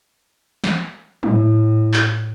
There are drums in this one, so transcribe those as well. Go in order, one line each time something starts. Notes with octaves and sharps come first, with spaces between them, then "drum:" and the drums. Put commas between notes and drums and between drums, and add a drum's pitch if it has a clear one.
drum: snare
A2 E4, drum: tom
drum: clap